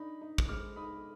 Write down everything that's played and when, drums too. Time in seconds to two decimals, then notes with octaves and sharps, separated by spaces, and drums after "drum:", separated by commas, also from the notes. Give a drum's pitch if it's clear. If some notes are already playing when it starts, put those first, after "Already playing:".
Already playing: D4 D#4 B5
0.21 D#4
0.38 drum: kick
0.49 G#3 D6 F6
0.76 D#4 B5 D#6